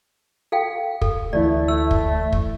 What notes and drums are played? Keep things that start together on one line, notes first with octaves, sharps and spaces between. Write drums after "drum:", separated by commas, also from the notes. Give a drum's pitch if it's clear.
A4 F5 G5
A4, drum: kick
D2 E3 A3 E4 D5
A3 E6
drum: kick
drum: kick